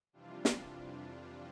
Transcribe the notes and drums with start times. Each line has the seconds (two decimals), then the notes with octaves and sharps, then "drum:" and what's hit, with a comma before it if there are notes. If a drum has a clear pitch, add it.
0.13 F2 C3 E3 G3 D4 F4
0.45 drum: snare
0.77 D4 F4